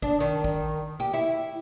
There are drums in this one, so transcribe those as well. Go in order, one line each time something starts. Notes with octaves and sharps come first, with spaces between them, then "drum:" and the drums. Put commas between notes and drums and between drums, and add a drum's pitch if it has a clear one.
D4, drum: kick
D#3
drum: kick
G4
E4